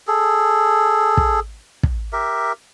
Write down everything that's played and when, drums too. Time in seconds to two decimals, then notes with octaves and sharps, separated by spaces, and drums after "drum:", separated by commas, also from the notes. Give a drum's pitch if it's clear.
0.07 G#4 A4
1.17 drum: kick
1.83 drum: kick
2.13 G4 A#4 E5